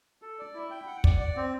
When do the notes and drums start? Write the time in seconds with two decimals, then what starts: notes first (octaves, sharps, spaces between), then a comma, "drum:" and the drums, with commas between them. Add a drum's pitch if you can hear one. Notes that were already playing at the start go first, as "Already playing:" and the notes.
0.22 A4
0.39 D5
0.54 E4
0.71 G5
0.87 F#5
1.04 D5, drum: kick
1.20 D5
1.36 C4